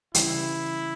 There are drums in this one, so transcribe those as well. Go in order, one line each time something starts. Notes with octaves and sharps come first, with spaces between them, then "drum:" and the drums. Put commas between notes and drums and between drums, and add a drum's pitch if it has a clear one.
C#3 E3 G3 E4, drum: hi-hat